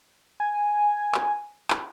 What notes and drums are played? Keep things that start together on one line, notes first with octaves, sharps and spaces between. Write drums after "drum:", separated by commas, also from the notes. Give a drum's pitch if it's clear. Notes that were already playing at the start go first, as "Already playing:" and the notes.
G#5
drum: clap
drum: clap